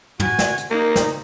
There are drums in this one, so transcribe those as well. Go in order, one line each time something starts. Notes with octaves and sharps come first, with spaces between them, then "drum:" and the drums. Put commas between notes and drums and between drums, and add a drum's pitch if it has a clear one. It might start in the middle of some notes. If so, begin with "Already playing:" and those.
F#4 G#5, drum: tom
drum: snare
drum: hi-hat
A#3 D#4
drum: snare